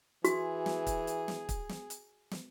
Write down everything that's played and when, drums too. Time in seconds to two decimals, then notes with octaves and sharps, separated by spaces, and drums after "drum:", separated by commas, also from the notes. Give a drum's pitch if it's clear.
0.24 E3 F#4 G#4, drum: hi-hat
0.66 drum: snare
0.87 drum: kick, hi-hat
1.07 drum: hi-hat
1.28 drum: snare
1.49 drum: kick, hi-hat
1.69 drum: snare
1.90 drum: hi-hat
2.31 drum: snare